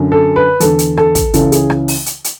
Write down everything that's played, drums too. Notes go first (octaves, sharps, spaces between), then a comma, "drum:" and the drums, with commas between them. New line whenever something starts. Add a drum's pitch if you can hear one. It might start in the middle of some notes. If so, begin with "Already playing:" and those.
Already playing: F#2 D3
A4
B4
E2 D3 A4, drum: hi-hat
drum: hi-hat
A4, drum: rim click
drum: kick, hi-hat
C#2 C#3 E3 A4, drum: hi-hat
G#4, drum: hi-hat
drum: rim click
drum: open hi-hat
drum: hi-hat
drum: hi-hat